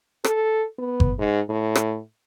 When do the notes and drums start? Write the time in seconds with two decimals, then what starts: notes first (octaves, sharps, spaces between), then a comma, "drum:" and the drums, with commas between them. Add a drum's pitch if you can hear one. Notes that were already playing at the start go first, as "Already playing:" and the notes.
0.24 A4, drum: rim click
0.79 B3
1.00 drum: kick G1
1.18 G#2
1.49 A2
1.75 drum: rim click